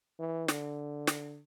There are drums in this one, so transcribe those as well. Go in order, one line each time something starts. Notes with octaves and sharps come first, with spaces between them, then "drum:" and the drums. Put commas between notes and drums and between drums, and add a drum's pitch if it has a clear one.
E3
D3, drum: snare
drum: snare